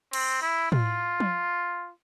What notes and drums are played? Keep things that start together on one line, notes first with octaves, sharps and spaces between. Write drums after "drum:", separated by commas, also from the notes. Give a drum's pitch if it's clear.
C4, drum: cymbal
E4
F4, drum: tom A2
drum: tom F3